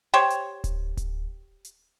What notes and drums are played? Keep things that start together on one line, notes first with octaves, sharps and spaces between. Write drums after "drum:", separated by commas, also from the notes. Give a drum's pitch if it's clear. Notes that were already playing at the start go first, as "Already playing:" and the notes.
G4 C5 C#5
drum: hi-hat
drum: kick D1, hi-hat
drum: kick D1, hi-hat
drum: hi-hat